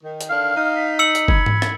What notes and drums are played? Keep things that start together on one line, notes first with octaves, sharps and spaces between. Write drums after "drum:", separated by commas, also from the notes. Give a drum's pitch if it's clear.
D#3
drum: hi-hat
D3 D#3 D4 F5 F6
D#4
B6
E6 C#7 F#7
drum: hi-hat
B5 G#6, drum: kick F#1
drum: tom G#2
drum: rim click